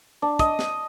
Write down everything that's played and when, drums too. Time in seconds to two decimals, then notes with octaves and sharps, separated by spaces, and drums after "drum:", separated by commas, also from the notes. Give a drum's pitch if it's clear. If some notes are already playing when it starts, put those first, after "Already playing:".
0.22 D4
0.39 D#5, drum: kick, hi-hat
0.59 drum: snare